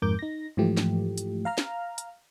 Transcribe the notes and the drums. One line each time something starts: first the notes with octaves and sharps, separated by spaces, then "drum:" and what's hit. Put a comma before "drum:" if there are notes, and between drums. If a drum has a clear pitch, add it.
F2 G#2 A#4 D6 G6
D#4 A#6
G#2 E3 F3 A3 G4
drum: snare
drum: hi-hat
F5 A#5 F6
drum: snare
drum: hi-hat